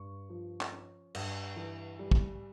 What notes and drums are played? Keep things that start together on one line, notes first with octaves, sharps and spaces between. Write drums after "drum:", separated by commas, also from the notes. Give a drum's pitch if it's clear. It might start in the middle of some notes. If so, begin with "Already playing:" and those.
Already playing: G2 C#6
F3
drum: clap
C#4
G2, drum: cymbal
E3
G3
drum: kick